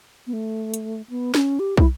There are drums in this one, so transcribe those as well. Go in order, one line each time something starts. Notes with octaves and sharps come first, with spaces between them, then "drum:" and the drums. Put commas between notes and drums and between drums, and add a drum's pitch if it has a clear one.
B3
A3
drum: hi-hat
B3
C#4, drum: snare
G4
E4, drum: kick